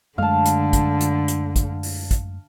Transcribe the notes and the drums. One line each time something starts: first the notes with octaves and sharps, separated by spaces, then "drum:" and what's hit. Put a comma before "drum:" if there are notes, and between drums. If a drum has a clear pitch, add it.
F#2 D3 G#3 A3 F5 A5
drum: hi-hat
drum: kick, hi-hat
drum: hi-hat
drum: hi-hat
drum: kick, hi-hat
drum: open hi-hat
drum: kick, hi-hat